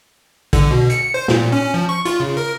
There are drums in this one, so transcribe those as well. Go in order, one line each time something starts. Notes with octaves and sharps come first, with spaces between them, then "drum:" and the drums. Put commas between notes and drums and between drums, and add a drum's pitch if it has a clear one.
D3, drum: kick, hi-hat
B2
C#7, drum: hi-hat
C5
A#2, drum: snare
C#4
F3
C#6
F4, drum: hi-hat
C#3
A#4